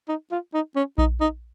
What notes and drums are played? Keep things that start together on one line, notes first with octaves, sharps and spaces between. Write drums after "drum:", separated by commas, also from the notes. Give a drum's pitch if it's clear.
D#4
F4
D#4
C#4
D#4, drum: kick A#1
D#4